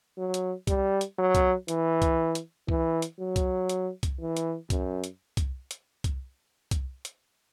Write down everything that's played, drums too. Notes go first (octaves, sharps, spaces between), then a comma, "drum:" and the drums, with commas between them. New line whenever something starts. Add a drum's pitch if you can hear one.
F#3
drum: hi-hat
G3, drum: kick C2, hi-hat
drum: hi-hat
F#3
drum: kick C2, hi-hat
E3, drum: hi-hat
drum: kick C2, hi-hat
drum: hi-hat
E3, drum: kick C2
drum: hi-hat
F#3
drum: kick C2, hi-hat
drum: hi-hat
drum: kick C2, hi-hat
E3
drum: hi-hat
F#2, drum: kick C2, hi-hat
drum: hi-hat
drum: kick C2, hi-hat
drum: hi-hat
drum: kick C2, hi-hat
drum: kick C2, hi-hat
drum: hi-hat